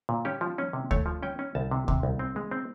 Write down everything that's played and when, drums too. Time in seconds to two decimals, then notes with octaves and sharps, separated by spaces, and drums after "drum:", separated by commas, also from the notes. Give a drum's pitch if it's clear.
0.09 A#2
0.25 C#4 G4
0.41 F3
0.58 C#4
0.73 C3
0.91 A3 C#5, drum: kick D2
1.06 F3
1.23 C#4 G5
1.39 C#4
1.55 C2 A5
1.71 C3
1.88 C3, drum: kick D2
2.03 C2
2.19 C4
2.36 G#3
2.51 C4